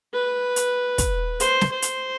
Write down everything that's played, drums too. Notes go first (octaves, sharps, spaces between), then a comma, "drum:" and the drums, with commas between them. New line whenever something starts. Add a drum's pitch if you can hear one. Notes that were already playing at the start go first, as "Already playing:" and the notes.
B4
drum: hi-hat
drum: kick, hi-hat
C5, drum: hi-hat
drum: snare
C5
drum: hi-hat